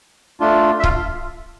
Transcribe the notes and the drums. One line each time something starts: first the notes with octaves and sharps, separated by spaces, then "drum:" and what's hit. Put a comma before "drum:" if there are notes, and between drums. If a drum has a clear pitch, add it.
A3 D4 F4
E5
F4 F5, drum: kick C#1